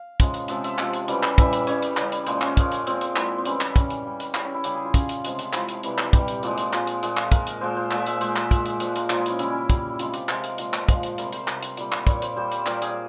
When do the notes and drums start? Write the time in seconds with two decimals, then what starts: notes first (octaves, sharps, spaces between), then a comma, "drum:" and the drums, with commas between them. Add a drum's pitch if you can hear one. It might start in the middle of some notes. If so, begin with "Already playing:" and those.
Already playing: F5
0.20 C#3 F3 G#3, drum: kick, hi-hat
0.34 drum: hi-hat
0.48 C3 F3 G#3 E5, drum: hi-hat
0.64 E5, drum: hi-hat
0.78 C3 F3 G#3, drum: clap
0.93 drum: hi-hat
1.08 C#3 E3 G3, drum: hi-hat
1.23 drum: clap
1.38 C#3 E3 G3 E5, drum: kick, hi-hat
1.53 drum: hi-hat
1.67 C#3 G3 C#5, drum: hi-hat
1.83 drum: hi-hat
1.97 C#3 G3, drum: clap
2.12 drum: hi-hat
2.27 A#2 F3 G#3 C5, drum: hi-hat
2.41 C#4, drum: clap
2.57 A#2 F3 G#3, drum: kick, hi-hat
2.72 drum: hi-hat
2.87 A#2 G#3 C4, drum: hi-hat
3.01 drum: hi-hat
3.16 A#2 G#3 E4, drum: clap
3.38 C4
3.45 C#3 E3 G3 C#4, drum: hi-hat
3.61 drum: clap
3.76 C#3 E3 G3 C#4, drum: kick, hi-hat
3.90 drum: hi-hat
4.05 C#3 G3
4.20 drum: hi-hat
4.34 C#3 G3 E4, drum: clap
4.45 C#4
4.54 E4
4.64 C#3 G3 G4, drum: hi-hat
4.75 G#4
4.85 F4
4.94 C#3 G3 C#4, drum: kick, hi-hat
5.09 drum: hi-hat
5.25 C3 F3 G#3, drum: hi-hat
5.39 drum: hi-hat
5.53 C3 F3 G#3 E4, drum: clap
5.69 drum: hi-hat
5.83 C3 E3 G3, drum: hi-hat
5.98 drum: clap
6.13 C3 E3 G3 G4, drum: kick, hi-hat
6.28 drum: hi-hat
6.43 A#2 F3 G#3, drum: hi-hat
6.58 drum: hi-hat
6.73 A#2 F3 G#3, drum: clap
6.87 drum: hi-hat
7.03 A#2 G#3, drum: hi-hat
7.17 drum: clap
7.32 A#2 G#3 A#4, drum: kick, hi-hat
7.47 drum: hi-hat
7.61 A#2 F3 G#3 C5
7.77 C5
7.91 A#2 F3 G#3 E5, drum: clap
8.06 E5, drum: hi-hat
8.21 A#2 G#3 C5, drum: hi-hat
8.36 E5, drum: clap
8.51 A#2 G#3, drum: kick, hi-hat
8.66 drum: hi-hat
8.80 A#2 F3 G#3, drum: hi-hat
8.96 A#4, drum: hi-hat
9.10 A#2 F3 G#3 A#4, drum: clap
9.20 G#4
9.26 C#4 E4, drum: hi-hat
9.39 C#3 G3 E4, drum: hi-hat
9.50 C#4
9.70 C#3 G3, drum: kick, hi-hat
9.90 E4
9.99 C3 F3 G#3 F4, drum: hi-hat
10.14 G4, drum: hi-hat
10.29 C3 F3 G#3 A#4, drum: clap
10.44 drum: hi-hat
10.58 A#2 F3 G#3, drum: hi-hat
10.73 drum: clap
10.89 A#2 F3 G#3 C5, drum: kick, hi-hat
11.03 drum: hi-hat
11.18 C3 G3 A#4, drum: hi-hat
11.33 C5, drum: hi-hat
11.48 C3 G3, drum: clap
11.63 drum: hi-hat
11.77 A#2 G3, drum: hi-hat
11.92 drum: clap
12.07 A#2 G3 C#5, drum: kick, hi-hat
12.22 C5, drum: hi-hat
12.36 A#2 G3 C5
12.52 drum: hi-hat
12.66 A#2 G3 A#4, drum: clap
12.82 G#4, drum: hi-hat